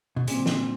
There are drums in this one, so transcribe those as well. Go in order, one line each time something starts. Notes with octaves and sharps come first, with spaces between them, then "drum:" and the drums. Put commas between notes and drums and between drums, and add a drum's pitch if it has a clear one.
B2
A#2 D3 G3 C4, drum: hi-hat
drum: snare